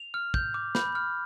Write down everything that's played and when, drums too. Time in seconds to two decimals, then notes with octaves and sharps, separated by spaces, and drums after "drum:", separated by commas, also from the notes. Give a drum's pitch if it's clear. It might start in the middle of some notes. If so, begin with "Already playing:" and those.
Already playing: F7
0.14 F6
0.34 G6, drum: kick
0.54 D6
0.75 B5 G6, drum: snare
0.95 F6